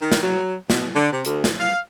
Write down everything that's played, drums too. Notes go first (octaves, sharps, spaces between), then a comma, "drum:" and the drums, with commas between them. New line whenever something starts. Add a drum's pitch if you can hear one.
D#3
drum: snare
F#3
B2, drum: snare
D3
C3
D2, drum: hi-hat
drum: snare
F5